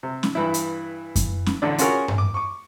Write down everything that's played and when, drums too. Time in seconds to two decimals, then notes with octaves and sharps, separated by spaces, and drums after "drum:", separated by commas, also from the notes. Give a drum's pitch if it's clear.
0.03 C3
0.23 drum: snare C#4
0.35 G2 E3 E4
0.54 drum: hi-hat
1.16 drum: kick F#2, hi-hat
1.46 drum: snare C#4
1.62 A1 D3 D5
1.78 C#4 F4 F#4 G#4 A#4 C#5, drum: hi-hat
2.08 drum: tom G2
2.18 D6
2.34 C#6 D6